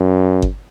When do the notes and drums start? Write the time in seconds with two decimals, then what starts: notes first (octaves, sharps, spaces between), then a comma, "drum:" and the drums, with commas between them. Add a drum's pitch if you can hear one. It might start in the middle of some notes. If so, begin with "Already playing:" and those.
Already playing: F#2
0.42 drum: kick G1